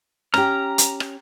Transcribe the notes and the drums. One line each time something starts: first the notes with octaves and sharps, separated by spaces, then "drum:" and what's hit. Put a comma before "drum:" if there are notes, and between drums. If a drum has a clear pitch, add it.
C#4 G4 A#5 F6, drum: rim click
drum: hi-hat
drum: rim click